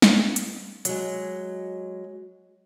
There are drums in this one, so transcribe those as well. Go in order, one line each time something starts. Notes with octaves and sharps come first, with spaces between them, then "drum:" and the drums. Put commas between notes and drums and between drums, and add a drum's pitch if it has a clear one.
drum: snare
drum: hi-hat
F#3 G#3, drum: hi-hat